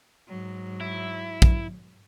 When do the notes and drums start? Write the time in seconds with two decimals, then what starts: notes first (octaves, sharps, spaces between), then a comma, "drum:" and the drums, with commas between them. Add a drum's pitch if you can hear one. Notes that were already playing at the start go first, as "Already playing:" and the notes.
0.28 G#2 F#3
0.81 E4
1.42 drum: kick